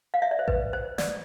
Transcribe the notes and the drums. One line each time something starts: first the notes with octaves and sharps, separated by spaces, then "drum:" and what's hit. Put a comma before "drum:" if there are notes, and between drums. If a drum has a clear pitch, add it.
F5
E5
D5
C5
B4, drum: kick A1
C5
D5, drum: snare